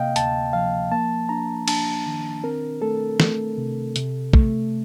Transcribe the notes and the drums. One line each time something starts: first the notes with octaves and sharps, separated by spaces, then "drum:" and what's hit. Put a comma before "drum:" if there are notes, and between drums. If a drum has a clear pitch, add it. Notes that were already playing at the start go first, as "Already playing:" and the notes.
Already playing: C3 A#3 D#5 F5 G5
D2 A5, drum: hi-hat
F3 F5
A#3 A5
D4 A#5
D4 A5, drum: cymbal
D#3
C4 A#4
A3 A4
A3, drum: snare
C3
C3, drum: hi-hat
A3, drum: kick